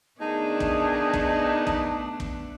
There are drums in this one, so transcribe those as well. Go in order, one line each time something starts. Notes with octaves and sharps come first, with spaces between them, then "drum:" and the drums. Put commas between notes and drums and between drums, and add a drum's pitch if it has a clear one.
D#3 A3 B3 D4 D#4 G#4 A5
drum: kick
drum: kick
drum: kick
drum: kick